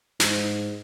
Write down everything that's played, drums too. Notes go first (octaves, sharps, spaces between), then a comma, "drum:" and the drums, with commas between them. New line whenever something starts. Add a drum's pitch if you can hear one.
G#2, drum: snare